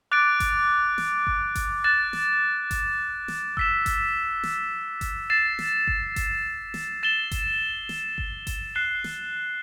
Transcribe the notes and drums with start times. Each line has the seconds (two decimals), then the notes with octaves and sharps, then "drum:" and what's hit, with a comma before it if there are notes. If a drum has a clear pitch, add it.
0.12 D6 F#6 A6 D7
0.40 drum: kick G1, hi-hat
0.98 drum: snare
1.27 drum: kick G1
1.55 drum: kick G1, hi-hat
1.84 F#6 A6 E7
2.13 drum: snare
2.71 drum: kick G1, hi-hat
3.28 drum: snare
3.57 E6 B6 E7, drum: kick G1
3.86 drum: kick G1, hi-hat
4.43 drum: snare
5.01 drum: kick G1, hi-hat
5.30 A6 C7 E7
5.59 drum: snare
5.87 drum: kick G1
6.16 drum: kick G1, hi-hat
6.74 drum: snare
7.03 A6 E7 G7
7.31 drum: kick G1, hi-hat
7.89 drum: snare
8.18 drum: kick G1
8.47 drum: kick G1, hi-hat
8.75 F#6 C7 E7 G7
9.04 drum: snare